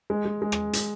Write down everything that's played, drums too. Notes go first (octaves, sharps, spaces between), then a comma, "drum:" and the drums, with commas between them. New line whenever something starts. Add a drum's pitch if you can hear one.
G#3
G#3
G#3
drum: rim click
drum: hi-hat